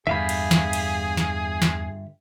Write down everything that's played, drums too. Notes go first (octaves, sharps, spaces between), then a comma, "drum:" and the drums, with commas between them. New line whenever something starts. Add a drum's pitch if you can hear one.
E2 G2 D3 G#4 E5 F5 B5
drum: cymbal
drum: snare
drum: cymbal
drum: snare
drum: snare